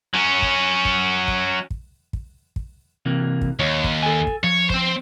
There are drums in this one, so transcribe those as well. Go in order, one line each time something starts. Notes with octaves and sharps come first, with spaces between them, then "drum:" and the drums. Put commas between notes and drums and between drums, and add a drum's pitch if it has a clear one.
F#3 C#4
drum: kick
drum: kick
drum: kick
drum: kick
drum: kick
drum: kick
C3 E3 A#3
drum: kick
D#2 C#5
drum: kick
A4 G#5
drum: kick
F3 C#5
C4 C5, drum: kick